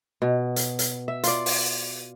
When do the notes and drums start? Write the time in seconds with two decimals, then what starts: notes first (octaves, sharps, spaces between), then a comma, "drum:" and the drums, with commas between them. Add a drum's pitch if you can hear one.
0.22 B2
0.56 drum: hi-hat
0.79 drum: hi-hat
1.08 E5
1.24 F4 D5, drum: hi-hat
1.46 drum: open hi-hat